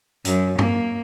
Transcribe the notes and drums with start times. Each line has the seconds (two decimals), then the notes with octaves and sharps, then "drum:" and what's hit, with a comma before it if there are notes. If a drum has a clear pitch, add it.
0.25 F#2, drum: hi-hat
0.59 A#3, drum: tom G2